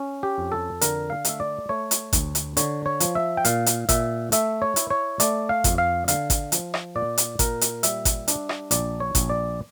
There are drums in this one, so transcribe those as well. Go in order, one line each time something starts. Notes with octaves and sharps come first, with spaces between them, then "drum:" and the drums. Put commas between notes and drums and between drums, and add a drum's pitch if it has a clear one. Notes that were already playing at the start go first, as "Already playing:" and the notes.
Already playing: C#4
G4
F2
A4
D3 A#4, drum: hi-hat
F5
A3 E5, drum: hi-hat
D5
A3 C#5
drum: hi-hat
D2, drum: kick G#1, hi-hat
drum: hi-hat
D3 C#5, drum: hi-hat
C#5
F3, drum: hi-hat
E5
G5
A#2 F5, drum: hi-hat
drum: hi-hat
A#2 E5, drum: kick G#1, hi-hat
A3 E5, drum: hi-hat
C#5
E4, drum: hi-hat
C#5
A3 D5, drum: hi-hat
F5
F2, drum: kick G#1, hi-hat
F5
D3 F5, drum: hi-hat
drum: kick G#1, hi-hat
F3, drum: hi-hat
drum: rim click
A#2 D5
drum: hi-hat
A#2 A#4, drum: kick G#1, hi-hat
drum: hi-hat
G3 E5, drum: hi-hat
drum: kick G#1, hi-hat
D4, drum: hi-hat
drum: rim click
A#1 D5, drum: hi-hat
C#5
A#1, drum: kick G#1, hi-hat
D5